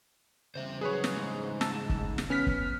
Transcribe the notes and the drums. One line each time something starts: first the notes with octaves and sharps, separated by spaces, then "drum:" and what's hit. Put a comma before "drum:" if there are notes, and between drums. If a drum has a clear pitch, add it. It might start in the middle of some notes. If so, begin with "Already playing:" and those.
C#3 E3 G3 C5 E5
F#3 G#4 B4 C#5
drum: snare
G#2
A5 E6, drum: snare
drum: kick
drum: snare
B3 C#4 F6 B6
drum: kick